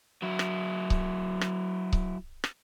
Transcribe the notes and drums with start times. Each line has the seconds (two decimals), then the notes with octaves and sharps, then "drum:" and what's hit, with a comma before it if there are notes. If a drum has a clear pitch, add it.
0.22 F#3 E4
0.39 drum: rim click
0.90 drum: kick C#1
1.41 drum: rim click
1.93 drum: kick C#1
2.44 drum: rim click